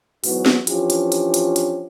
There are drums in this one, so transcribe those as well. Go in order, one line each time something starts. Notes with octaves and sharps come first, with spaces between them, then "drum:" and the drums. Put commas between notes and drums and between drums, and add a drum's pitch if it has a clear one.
G#2 E3 F#3 B3 F#4, drum: open hi-hat
drum: snare
E3 F3 C#4 D4 F4 G4, drum: hi-hat
drum: hi-hat
drum: hi-hat
drum: hi-hat
drum: hi-hat